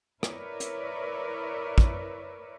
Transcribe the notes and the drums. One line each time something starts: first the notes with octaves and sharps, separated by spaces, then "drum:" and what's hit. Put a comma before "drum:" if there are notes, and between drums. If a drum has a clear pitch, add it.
E4 A#4 B4 C#5 D5 E5, drum: rim click
drum: hi-hat
drum: kick